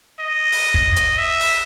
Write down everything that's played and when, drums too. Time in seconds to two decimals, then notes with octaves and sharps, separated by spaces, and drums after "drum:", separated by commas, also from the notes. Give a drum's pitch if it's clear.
0.20 D#5
0.52 drum: open hi-hat
0.74 drum: kick
0.96 drum: hi-hat
1.18 E5
1.40 drum: open hi-hat